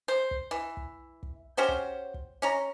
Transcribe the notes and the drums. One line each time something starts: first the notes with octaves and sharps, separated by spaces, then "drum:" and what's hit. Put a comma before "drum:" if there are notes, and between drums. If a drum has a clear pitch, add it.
C5
drum: kick
E3
drum: kick
drum: kick
C#4 F#4 G4 C5
drum: kick
drum: kick
C#4 C#5 A#5